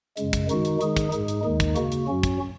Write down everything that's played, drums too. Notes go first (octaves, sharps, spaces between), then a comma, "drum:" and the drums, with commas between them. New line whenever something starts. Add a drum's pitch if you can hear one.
F#2 C#3 G#3, drum: hi-hat
drum: kick, hi-hat
D#3 G#3 D#4 F#4, drum: hi-hat
drum: hi-hat
D#3 G#3 D#4 G#4, drum: hi-hat
drum: kick, hi-hat
G#2 G#3 D#4 G#4, drum: hi-hat
drum: hi-hat
D#2 D#3 G#3 D#4
drum: kick, hi-hat
C#3 A#3 F#4, drum: hi-hat
drum: hi-hat
F#2 F#3 C#4 F#4
drum: kick, hi-hat